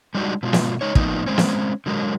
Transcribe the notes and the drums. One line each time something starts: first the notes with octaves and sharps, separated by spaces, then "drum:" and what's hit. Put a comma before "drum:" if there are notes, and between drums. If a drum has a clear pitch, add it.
G3 G#3 D4 D#4 F#4
B2 G#3 F4
drum: snare
G#3 D#4 C#5
A2 F3 A#3 B3 D#4, drum: kick
G#3 C4 C#4
drum: snare
D3 F#3 G#3 A#4